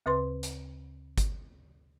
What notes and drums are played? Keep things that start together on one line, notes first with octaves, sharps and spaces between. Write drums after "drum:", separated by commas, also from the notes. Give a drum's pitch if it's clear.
D2 C#3 B4 C6
drum: hi-hat
drum: kick G1, hi-hat